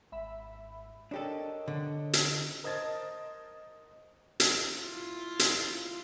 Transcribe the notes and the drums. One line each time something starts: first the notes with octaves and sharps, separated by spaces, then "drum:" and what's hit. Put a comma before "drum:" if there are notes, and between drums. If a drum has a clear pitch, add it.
G#1 E5 B5
D4 G4 A4 A#4 C#5 D#5
D3
drum: hi-hat
A#4 C5 D#5 A5 G#6 A6
drum: hi-hat
E4 F4
drum: hi-hat